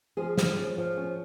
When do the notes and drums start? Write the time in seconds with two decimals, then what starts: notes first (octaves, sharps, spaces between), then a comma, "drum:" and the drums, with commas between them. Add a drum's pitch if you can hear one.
0.17 F3 G#4
0.38 F3, drum: snare
0.57 C#4
0.78 F3
0.97 C#4